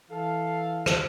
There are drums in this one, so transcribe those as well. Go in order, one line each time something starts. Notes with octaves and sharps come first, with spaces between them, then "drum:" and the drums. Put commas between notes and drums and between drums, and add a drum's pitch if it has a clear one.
E3 A4 F5
drum: rim click